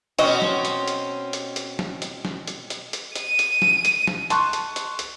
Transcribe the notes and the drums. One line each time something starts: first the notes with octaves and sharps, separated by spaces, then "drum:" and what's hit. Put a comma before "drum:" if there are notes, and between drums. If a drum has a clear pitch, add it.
B2 C4 C#4 F#4 D#5, drum: hi-hat
drum: snare
drum: hi-hat
drum: hi-hat
drum: hi-hat
drum: hi-hat
drum: snare
drum: hi-hat
drum: snare
drum: hi-hat
drum: hi-hat
drum: hi-hat
D#7, drum: hi-hat
drum: hi-hat
drum: snare
drum: hi-hat
drum: snare
A5 C6 C#6 F#6, drum: hi-hat
drum: hi-hat
drum: hi-hat
drum: hi-hat